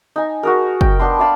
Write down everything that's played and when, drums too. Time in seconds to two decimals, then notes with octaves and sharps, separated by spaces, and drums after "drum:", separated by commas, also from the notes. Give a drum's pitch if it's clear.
0.16 D#4 G#5
0.43 F#4 G#4 A#4
0.81 G5, drum: kick
0.99 B3 D4 A5 C6
1.19 D5 F5 A5 B5